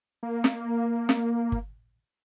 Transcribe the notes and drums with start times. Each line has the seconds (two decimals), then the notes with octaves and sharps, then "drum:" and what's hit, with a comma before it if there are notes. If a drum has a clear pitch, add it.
0.23 A#3
0.44 drum: snare
1.09 drum: snare
1.52 drum: kick G1